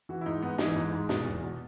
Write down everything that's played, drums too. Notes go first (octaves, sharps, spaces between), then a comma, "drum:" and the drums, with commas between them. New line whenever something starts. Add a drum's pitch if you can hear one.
E3 F#4
E4
G#2 D#4
G#2 B3
E3 D#4, drum: snare
G#2
G#2
B2, drum: snare
E2
B2